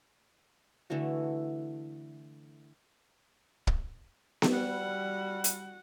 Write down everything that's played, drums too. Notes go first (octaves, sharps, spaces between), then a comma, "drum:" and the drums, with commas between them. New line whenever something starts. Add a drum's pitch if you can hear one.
D3 E3 A3 F#4
drum: kick
drum: snare B3
G3 F#4 F#5
drum: hi-hat